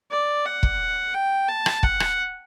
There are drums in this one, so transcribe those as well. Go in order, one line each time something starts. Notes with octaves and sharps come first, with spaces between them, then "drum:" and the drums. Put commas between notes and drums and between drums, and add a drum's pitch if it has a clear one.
D5
F#5
drum: kick
G5
A5
drum: rim click
F#5, drum: kick
drum: rim click